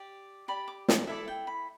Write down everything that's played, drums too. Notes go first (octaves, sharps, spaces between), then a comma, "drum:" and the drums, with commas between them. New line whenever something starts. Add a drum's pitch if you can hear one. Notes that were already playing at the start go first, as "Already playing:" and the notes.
Already playing: G4 D5
G4 D5 B5
D6
A5, drum: snare
E4 A4 D5 E5
G5
B5